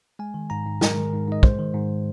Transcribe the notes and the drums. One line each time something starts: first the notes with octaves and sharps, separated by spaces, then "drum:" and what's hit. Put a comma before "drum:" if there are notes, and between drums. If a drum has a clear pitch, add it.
G#3 G#5
D#3
G#2 A#5
G#2
G#3 A#4, drum: snare
D#3
G#2
G#2 D#5
G#3 C5, drum: kick
D#3
G#2